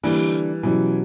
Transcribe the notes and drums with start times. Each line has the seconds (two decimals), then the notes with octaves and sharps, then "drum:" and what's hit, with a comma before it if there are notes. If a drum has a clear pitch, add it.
0.04 D3 E3 G3 A#3 D4, drum: open hi-hat
0.63 B2 E3 F#3 C#4 G4